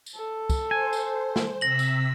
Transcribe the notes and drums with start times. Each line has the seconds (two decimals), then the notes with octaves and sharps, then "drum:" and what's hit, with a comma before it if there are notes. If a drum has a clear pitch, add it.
0.06 drum: tambourine
0.16 A4
0.50 drum: kick, tambourine
0.71 C5 G#5
0.93 drum: tambourine
1.36 drum: snare
1.61 C3 E6 A#6 B6 F#7
1.79 drum: tambourine